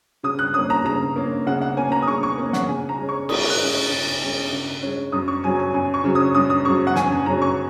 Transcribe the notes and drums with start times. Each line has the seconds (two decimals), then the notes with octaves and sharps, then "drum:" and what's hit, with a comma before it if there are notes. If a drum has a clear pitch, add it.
0.23 C#3 D#6
0.39 F#6
0.54 A#3 C#4 D#6
0.70 A#5
0.85 C#3 A#5
1.16 A#3 C#4
1.47 C#3 F#5
1.61 F#5
1.77 A#3 C#4 G#5
1.92 A#5
2.02 D#6
2.07 C#3 C#6
2.23 C#6
2.38 A#3 C#4
2.53 F#5, drum: snare
2.68 C#3 G#5
2.89 A#5
2.99 G#3 C#4
3.09 C#6
3.29 C#3 D#6, drum: cymbal
3.50 F#6
3.60 G#3 C#4
3.90 C#3
4.21 G#3 C#4
4.52 C#3
4.82 G#3 C#4
5.12 F#2 D#6
5.28 C#6
5.43 C#3 F#3 C#4 G#5
5.59 G#5
5.74 F#2 G#5
5.94 C#6
6.04 C#3 F#3 C#4
6.15 D#6
6.35 F#2 D#6
6.50 D#6
6.65 C#3 F#3 C#4 C#6
6.87 F#5
6.96 F#2 G#5, drum: snare
7.12 G#5
7.26 C#3 F#3 C#4 A#5
7.42 C#6